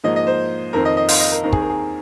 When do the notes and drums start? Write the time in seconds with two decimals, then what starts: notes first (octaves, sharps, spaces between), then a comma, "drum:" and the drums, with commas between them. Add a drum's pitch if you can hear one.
0.04 G#2 F3 A#3 D#5
0.16 D#5
0.27 C5
0.73 F2 D#3 C4 A#4
0.85 D#5
0.97 D#5
1.09 F5, drum: open hi-hat
1.20 D#5
1.31 A#4
1.44 D#2 D#3 C4 A#4
1.53 G#4, drum: kick
1.61 A#4
1.70 G#4